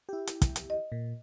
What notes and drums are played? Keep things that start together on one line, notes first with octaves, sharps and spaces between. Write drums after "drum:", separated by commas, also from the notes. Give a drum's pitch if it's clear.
E4 G4
drum: hi-hat
drum: kick, hi-hat
drum: hi-hat
D#5
A#2